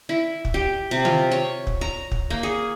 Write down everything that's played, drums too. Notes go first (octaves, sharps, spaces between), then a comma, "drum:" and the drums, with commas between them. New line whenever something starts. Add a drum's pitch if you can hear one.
E4
drum: kick
G4
C3
F4, drum: tom D3
C#5
drum: kick
A#5
drum: kick
A#3
G#4